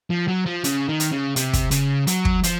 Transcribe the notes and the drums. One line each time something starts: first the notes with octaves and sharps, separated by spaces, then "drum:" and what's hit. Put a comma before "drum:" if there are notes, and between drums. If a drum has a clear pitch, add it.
F3
F#3
F3
C#3, drum: hi-hat
D#3
drum: hi-hat
C#3
C3, drum: hi-hat
drum: kick, hi-hat
C#3, drum: hi-hat
F#3, drum: hi-hat
drum: kick
F3, drum: hi-hat